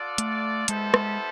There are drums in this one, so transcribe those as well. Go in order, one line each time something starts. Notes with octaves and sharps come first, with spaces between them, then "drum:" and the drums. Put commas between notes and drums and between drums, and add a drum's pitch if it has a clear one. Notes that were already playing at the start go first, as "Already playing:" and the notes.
Already playing: F4 A4 D5 F#5
A3, drum: hi-hat
G3 G#3 B3 E4 A4 C5, drum: hi-hat
G#3, drum: rim click